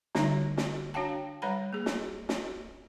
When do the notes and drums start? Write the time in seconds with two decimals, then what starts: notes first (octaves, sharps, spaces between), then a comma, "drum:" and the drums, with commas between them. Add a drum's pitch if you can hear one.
0.15 D3 G3 D#4 C#5 E5, drum: snare
0.57 drum: snare
0.94 D4 F#4 C#5 F5 G5 A5
1.42 G3 B4 C#5 F#5 A#5 B5
1.73 A#3 G#4
1.86 drum: snare
2.29 drum: snare